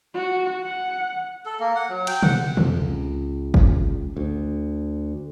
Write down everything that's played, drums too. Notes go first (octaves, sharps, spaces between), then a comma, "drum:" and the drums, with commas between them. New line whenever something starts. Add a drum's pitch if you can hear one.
F#4
F#5
A4
A#3
F#5
F#3
G5, drum: cymbal
F#5, drum: tom
F2, drum: tom
C#2
drum: kick G1
D2